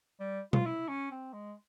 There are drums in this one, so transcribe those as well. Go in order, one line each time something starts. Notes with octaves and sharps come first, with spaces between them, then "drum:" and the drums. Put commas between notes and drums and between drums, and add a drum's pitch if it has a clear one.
G3
F4, drum: tom B2
E4
C#4
C4
G#3